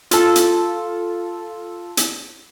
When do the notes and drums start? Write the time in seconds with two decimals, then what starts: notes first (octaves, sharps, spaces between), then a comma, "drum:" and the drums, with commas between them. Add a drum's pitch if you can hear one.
0.11 F4 A4, drum: hi-hat
0.36 drum: hi-hat
1.97 drum: hi-hat